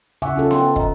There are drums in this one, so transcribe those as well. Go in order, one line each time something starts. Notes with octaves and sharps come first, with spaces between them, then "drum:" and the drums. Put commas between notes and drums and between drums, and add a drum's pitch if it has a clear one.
C#3 E5 F#5 G#5 C#6 D6
C#4 F4 A4
G5 A5 C6, drum: snare B3
D#5 A#5, drum: kick